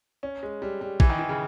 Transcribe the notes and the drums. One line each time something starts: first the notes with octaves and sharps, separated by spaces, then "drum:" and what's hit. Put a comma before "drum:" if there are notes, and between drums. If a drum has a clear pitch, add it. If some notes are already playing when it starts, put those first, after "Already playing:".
C#4
G#3
G3
G3
E3, drum: kick
D#3
E3
C#3